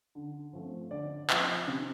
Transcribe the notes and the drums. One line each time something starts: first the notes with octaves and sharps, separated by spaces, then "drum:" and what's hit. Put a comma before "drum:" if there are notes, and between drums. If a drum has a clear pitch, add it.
D3
F3 A3 C4
D3 D5
F3 C4, drum: clap
C3